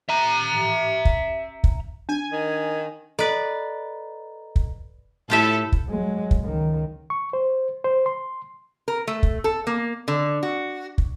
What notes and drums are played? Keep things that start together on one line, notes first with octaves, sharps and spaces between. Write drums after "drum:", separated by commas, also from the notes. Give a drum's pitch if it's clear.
E5 A#5
drum: kick
drum: kick
D4 G#5
D#3
A4 B4 D5 D#5 A#5
drum: kick
A2 E4 F4 G4 A4 E5
drum: kick
F#3 G#3
drum: kick
C#2 D#3
C#6
C5
C5
C6
A#4
A3
drum: kick
A4
A#3
D3
F#4
drum: kick